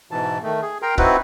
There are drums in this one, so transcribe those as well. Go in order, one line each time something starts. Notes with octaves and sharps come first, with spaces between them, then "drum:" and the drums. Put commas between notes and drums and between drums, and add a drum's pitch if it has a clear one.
G#2 B2 E3 A5
D#3 A3
G#4
A#4 G5 A#5 C6
C4 D#4 E4 F#4 B4, drum: kick C#1